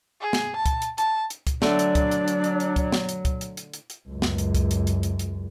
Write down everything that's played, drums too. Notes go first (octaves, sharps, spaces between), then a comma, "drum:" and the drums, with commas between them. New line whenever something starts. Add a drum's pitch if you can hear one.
G#4
drum: snare
A5
drum: kick C#2, hi-hat
drum: hi-hat
A5, drum: hi-hat
drum: hi-hat
drum: kick C#2, hi-hat
D3 F#3 A3 D4 D5, drum: snare
drum: hi-hat
drum: kick C#2, hi-hat
drum: hi-hat
drum: hi-hat
drum: hi-hat
drum: hi-hat
drum: kick C#2, hi-hat
drum: snare
drum: hi-hat
drum: kick C#2, hi-hat
drum: hi-hat
drum: hi-hat
drum: hi-hat
drum: hi-hat
C#2 F#2
drum: snare
drum: hi-hat
drum: kick C#2, hi-hat
drum: hi-hat
drum: hi-hat
drum: hi-hat
drum: hi-hat